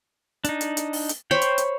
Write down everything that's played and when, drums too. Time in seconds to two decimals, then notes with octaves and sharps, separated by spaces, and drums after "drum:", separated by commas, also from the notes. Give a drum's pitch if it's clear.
0.44 D4 D#4, drum: hi-hat
0.61 drum: hi-hat
0.77 drum: hi-hat
0.93 drum: open hi-hat
1.09 drum: hi-hat
1.31 C5 C#5 G5 B5
1.42 drum: hi-hat
1.58 drum: hi-hat